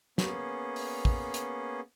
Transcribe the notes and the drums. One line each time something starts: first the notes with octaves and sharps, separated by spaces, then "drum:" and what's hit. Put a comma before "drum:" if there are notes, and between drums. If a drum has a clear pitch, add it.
A#3 B3 C#4 G#4, drum: snare
drum: open hi-hat
drum: kick
drum: hi-hat